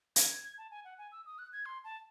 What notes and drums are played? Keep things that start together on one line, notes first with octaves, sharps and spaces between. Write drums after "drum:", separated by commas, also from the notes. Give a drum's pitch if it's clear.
G#6, drum: hi-hat
G#6
G#6
A5
G#5
F#5
G#5
E6
D#6
F#6
G#6
C6
A5